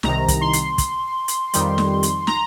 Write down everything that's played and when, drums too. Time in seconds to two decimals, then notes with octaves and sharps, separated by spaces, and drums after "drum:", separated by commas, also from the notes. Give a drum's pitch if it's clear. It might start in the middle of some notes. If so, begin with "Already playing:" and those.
0.03 C2 C3 D#3 A#5, drum: snare
0.28 drum: kick, hi-hat
0.41 C6
0.53 drum: hi-hat
0.78 drum: kick, hi-hat
1.28 drum: hi-hat
1.54 F2 D#3 G3, drum: hi-hat
1.78 drum: snare
2.03 drum: hi-hat
2.27 A#5, drum: snare